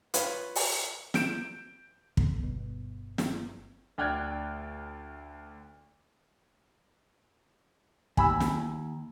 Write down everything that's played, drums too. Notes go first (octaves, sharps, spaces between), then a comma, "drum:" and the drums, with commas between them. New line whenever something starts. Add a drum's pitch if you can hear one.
F4 B4 C#5, drum: hi-hat
drum: open hi-hat
G6 D7 E7, drum: snare
B1 D3 B3, drum: kick
G1 B2
drum: snare
D2 D5 G5 F6 F#6 G#6
D#2 G#5 B5 E6, drum: kick
drum: snare